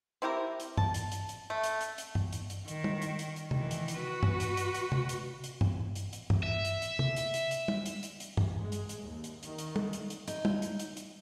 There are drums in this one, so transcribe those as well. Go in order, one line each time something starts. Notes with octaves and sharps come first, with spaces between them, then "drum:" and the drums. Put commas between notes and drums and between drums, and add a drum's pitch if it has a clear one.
C4 E4 G4 A#4
drum: hi-hat
A5, drum: tom G2
drum: hi-hat
drum: hi-hat
drum: hi-hat
A3
drum: hi-hat
drum: hi-hat
drum: hi-hat
drum: tom G2
drum: hi-hat
drum: hi-hat
D#3, drum: hi-hat
drum: tom
drum: hi-hat
drum: hi-hat
drum: hi-hat
D#3 E3, drum: tom
drum: hi-hat
drum: hi-hat
F#4 B4
drum: tom G2
drum: hi-hat
drum: hi-hat
drum: hi-hat
drum: tom
drum: hi-hat
drum: hi-hat
drum: tom G2
drum: hi-hat
drum: hi-hat
drum: tom G2
E5
drum: hi-hat
drum: hi-hat
drum: tom
drum: hi-hat
drum: hi-hat
drum: hi-hat
drum: tom
drum: hi-hat
drum: hi-hat
drum: hi-hat
drum: tom G2
G#3
drum: hi-hat
drum: hi-hat
D#2
drum: hi-hat
D#3, drum: hi-hat
drum: hi-hat
drum: tom
drum: hi-hat
drum: hi-hat
D#4, drum: hi-hat
drum: tom
drum: hi-hat
drum: hi-hat
drum: hi-hat